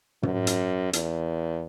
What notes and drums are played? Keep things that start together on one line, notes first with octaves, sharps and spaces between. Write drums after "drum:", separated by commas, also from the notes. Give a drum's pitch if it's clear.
F#2, drum: tom
drum: hi-hat
E2, drum: hi-hat